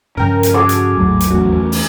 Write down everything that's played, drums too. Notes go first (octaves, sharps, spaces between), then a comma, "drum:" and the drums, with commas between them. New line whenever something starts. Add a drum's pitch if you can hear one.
G2 C#3 F3 C#4 A#4 G5
drum: hi-hat
F#4 G#4 A4 G#5 D6
drum: hi-hat
G#1 D#2 A2 F#3
drum: hi-hat
E2 A3 C#4 F#4
drum: open hi-hat